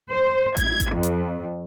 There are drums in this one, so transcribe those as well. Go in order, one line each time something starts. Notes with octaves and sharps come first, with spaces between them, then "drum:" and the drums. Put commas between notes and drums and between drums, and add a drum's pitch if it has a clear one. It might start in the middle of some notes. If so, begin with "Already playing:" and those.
C5
G#6, drum: kick A1, hi-hat
drum: kick A1, hi-hat
F2
drum: hi-hat